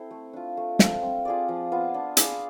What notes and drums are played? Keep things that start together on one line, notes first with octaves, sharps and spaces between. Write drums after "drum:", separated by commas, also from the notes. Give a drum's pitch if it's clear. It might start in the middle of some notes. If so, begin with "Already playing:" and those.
Already playing: C4 E4 A4 C5
A3
D4 F4
A3
C4 F4 A4, drum: snare
C4
F4 G#4 D5
F3
B3 F4
D4
G#4 D5 F5, drum: hi-hat